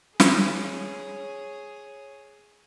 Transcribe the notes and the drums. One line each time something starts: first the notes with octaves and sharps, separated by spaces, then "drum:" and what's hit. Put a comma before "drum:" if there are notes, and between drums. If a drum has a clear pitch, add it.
G#4 C#5, drum: snare